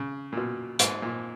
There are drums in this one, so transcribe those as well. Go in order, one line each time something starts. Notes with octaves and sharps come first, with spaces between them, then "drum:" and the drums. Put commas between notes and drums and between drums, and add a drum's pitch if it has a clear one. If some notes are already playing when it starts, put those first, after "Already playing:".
Already playing: C#3
A#2
B2
G#2, drum: hi-hat
A#2